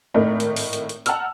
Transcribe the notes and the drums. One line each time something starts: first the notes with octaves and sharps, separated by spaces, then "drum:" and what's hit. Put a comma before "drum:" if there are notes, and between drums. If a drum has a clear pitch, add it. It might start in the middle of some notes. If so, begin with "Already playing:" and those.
G#1 A2 A3 D#4 A#4
drum: hi-hat
drum: open hi-hat
drum: hi-hat
drum: hi-hat
F#5 A5 A#5 E6 F6, drum: hi-hat